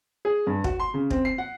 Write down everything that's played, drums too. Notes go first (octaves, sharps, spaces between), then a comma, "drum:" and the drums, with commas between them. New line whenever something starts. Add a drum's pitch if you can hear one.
G#4
G2
F#4, drum: kick
C6
C#3
C4, drum: kick
C7
F#5